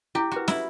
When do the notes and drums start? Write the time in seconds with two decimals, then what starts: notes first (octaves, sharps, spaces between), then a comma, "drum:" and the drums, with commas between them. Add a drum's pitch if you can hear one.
0.15 E4 G4
0.31 F#4 B4
0.48 E4, drum: snare